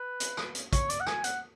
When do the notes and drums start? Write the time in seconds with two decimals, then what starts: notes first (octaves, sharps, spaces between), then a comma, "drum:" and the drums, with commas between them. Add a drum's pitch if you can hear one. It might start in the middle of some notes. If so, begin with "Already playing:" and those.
Already playing: B4
0.20 drum: hi-hat
0.37 drum: rim click
0.55 drum: hi-hat
0.73 C#5, drum: kick, hi-hat
0.90 D5, drum: hi-hat
1.00 F#5
1.07 G#5, drum: rim click
1.24 F#5, drum: hi-hat